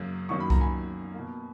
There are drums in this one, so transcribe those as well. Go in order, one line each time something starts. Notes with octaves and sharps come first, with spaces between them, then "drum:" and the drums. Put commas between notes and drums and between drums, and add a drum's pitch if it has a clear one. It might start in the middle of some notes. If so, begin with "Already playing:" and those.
Already playing: F#2 C#3 F#3 A#3
F#2 D#3 F#3 A#3 C#6
B5
A#5, drum: kick C2
G#5 B5
B2 A#3